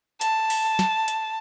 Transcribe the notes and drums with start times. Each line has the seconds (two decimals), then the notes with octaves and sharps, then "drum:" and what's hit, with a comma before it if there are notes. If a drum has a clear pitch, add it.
0.21 A5, drum: hi-hat
0.50 drum: open hi-hat
0.79 drum: snare
1.08 drum: hi-hat